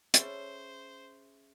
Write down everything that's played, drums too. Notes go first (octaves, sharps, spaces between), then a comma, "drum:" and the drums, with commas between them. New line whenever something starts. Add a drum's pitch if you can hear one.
C#4 G#4 A4 C5 E5 B5 C#6, drum: hi-hat